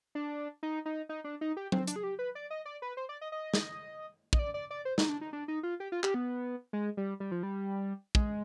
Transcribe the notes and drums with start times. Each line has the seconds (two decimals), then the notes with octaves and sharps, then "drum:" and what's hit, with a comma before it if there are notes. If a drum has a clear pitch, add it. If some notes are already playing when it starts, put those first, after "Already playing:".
0.15 D4
0.63 D#4
0.86 D#4
1.09 D#4
1.24 D4
1.41 D#4
1.57 G4
1.72 C4, drum: tom F#3
1.87 D4, drum: hi-hat
1.96 G#4
2.03 G4
2.19 B4
2.35 D5
2.50 D#5
2.65 D5
2.82 B4
2.97 C5
3.09 D5
3.21 D#5
3.32 D#5
3.54 drum: snare
4.33 D#5, drum: kick
4.39 D5
4.54 D5
4.70 D5
4.85 C5
4.98 D#4, drum: snare
5.09 D4
5.21 D#4
5.33 D4
5.48 D#4
5.63 F4
5.80 G4
5.92 F4
6.03 G4, drum: clap
6.14 B3
6.73 G#3
6.97 G3
7.20 G3
7.32 F3
7.43 G3
8.15 G#3, drum: kick